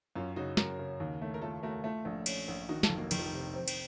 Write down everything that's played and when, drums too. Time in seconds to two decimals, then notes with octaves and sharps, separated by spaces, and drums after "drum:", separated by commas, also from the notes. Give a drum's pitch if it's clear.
0.16 F#2 C#4 F4
0.36 C#3 D#4 F#4
0.57 F#2 F#4 A#4, drum: snare
0.79 C#3
1.00 D#2
1.22 A3
1.34 A#4
1.42 A3 F4 A4
1.63 A3 F#4 A#4
1.84 A3 F4 A4
2.05 A#1
2.26 C#4, drum: cymbal
2.48 A#1
2.69 D#3 D#4 F#4
2.83 F4 A4, drum: snare
2.89 F1
2.97 F#3 A#3
3.11 F1 D#3, drum: cymbal
3.19 F3
3.26 D#3
3.33 C3
3.54 C4
3.68 drum: cymbal